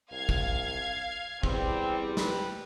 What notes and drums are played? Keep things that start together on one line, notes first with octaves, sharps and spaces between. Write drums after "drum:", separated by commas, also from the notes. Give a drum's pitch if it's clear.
C2 F5 G#6
drum: kick
E2 G3 C4, drum: kick
B4, drum: snare